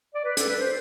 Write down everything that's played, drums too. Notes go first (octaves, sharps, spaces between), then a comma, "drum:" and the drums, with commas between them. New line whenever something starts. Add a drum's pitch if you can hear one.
D5
B4
A4, drum: hi-hat
B4
C5